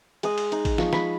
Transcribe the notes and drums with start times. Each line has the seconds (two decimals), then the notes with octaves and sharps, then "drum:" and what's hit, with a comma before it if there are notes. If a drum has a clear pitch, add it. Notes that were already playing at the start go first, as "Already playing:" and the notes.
0.23 G#3 D#6, drum: cymbal
0.38 drum: cymbal
0.52 D#4, drum: cymbal
0.65 drum: kick A1, cymbal
0.78 F3 C#6, drum: snare
0.93 B5, drum: snare